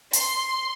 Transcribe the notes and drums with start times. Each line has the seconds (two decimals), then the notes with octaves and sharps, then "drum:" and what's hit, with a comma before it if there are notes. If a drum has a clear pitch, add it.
0.13 C6, drum: hi-hat